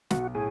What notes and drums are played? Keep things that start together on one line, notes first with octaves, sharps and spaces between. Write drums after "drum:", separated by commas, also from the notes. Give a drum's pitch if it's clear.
B1 F#4, drum: snare
A2 G#4